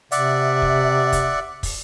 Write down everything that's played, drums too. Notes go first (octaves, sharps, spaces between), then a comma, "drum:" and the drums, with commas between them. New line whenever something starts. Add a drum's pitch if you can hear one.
C3 D5 E5 F#5, drum: hi-hat
drum: kick
drum: kick, hi-hat
drum: kick, open hi-hat